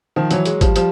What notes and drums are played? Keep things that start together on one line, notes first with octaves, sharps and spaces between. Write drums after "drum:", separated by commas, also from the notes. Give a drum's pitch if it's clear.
D#3 F3
E3 F#3, drum: hi-hat
F#3 G#3, drum: hi-hat
F3 G3, drum: kick G#1, hi-hat
F3 G3, drum: hi-hat